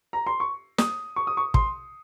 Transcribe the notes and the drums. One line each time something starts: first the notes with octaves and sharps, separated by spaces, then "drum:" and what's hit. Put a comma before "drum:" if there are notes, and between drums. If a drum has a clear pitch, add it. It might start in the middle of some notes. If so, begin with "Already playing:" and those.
A#5
C6
C#6
D#6, drum: snare
C#6
D#6
C#6
C6, drum: kick